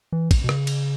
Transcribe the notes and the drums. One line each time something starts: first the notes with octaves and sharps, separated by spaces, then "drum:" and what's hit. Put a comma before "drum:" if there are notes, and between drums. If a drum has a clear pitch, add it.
E3
drum: kick, cymbal
B2
C#3, drum: rim click
drum: cymbal